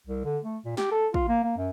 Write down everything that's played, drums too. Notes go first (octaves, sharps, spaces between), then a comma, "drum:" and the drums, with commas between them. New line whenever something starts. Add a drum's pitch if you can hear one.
C2
D3
A3
A#2
G4, drum: snare
A4
F4, drum: kick
A#3
A#3
F#2